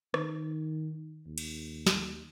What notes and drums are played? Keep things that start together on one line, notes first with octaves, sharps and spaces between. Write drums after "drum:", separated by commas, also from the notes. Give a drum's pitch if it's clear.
D#3, drum: rim click
D#2
drum: cymbal
drum: snare